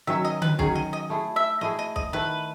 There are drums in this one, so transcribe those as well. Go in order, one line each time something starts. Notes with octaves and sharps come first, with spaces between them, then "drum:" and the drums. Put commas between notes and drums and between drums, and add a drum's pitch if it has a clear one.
D#3 F#3 C#4 E5
D#5
B4, drum: tom D3
D#3 F#3 C#4 G#4, drum: kick
D#5
D#5
A3 E4 G#4
E5
A3 E4 G#4 D#5
D#5
D#5, drum: kick
D#3 A3 E4 B4